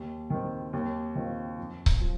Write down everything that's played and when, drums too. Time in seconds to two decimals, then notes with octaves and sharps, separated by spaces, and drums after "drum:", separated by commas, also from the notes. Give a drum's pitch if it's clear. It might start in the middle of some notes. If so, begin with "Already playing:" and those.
Already playing: D#2
0.30 D#3 C4
0.73 D#2
1.15 D#3 C4 F4
1.58 F2
1.86 drum: kick C#1
2.00 F3